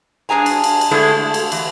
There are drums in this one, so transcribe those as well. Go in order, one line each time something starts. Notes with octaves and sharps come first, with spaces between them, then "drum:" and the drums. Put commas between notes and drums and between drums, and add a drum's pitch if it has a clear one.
G2 D4 G#4 G#5 A#5
drum: cymbal
drum: cymbal
drum: cymbal
D3 G#3 A3 E4 G#4 A4
drum: cymbal
E3, drum: cymbal